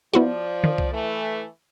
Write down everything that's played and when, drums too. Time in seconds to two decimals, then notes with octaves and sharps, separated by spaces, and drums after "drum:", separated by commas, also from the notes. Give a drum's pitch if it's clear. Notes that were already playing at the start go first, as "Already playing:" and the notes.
0.14 F3 B3 E4 F#4 D5
0.64 D#3
0.78 drum: kick C2
0.92 E3 A3